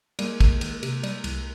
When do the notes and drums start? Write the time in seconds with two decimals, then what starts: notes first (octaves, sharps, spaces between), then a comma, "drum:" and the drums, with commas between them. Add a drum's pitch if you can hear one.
0.19 G3 G#3 A#3, drum: cymbal
0.40 C2, drum: kick, cymbal
0.61 D#3, drum: cymbal
0.83 C3, drum: cymbal
1.03 G3, drum: cymbal
1.24 C2, drum: cymbal